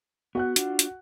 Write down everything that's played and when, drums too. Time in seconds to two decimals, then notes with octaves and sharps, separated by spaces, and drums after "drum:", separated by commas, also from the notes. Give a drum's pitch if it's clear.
0.35 B3 F#4 F#5 F#6
0.56 D4 F4, drum: hi-hat
0.79 drum: hi-hat